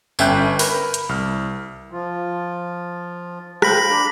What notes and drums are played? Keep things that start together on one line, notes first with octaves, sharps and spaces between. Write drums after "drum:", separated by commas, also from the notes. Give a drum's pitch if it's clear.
G1 C#4 E5 G5 F#6 G6, drum: tambourine
A#4 B4 B5, drum: open hi-hat
drum: hi-hat
C2 F6
F3 F4
C5 F5 G5 B5 A#6 B6, drum: rim click
D4 A#5